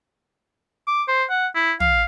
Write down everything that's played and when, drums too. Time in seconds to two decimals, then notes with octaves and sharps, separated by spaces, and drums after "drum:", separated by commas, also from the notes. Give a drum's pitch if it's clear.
0.87 D6
1.08 C5
1.30 F#5
1.55 E4
1.80 F5, drum: tom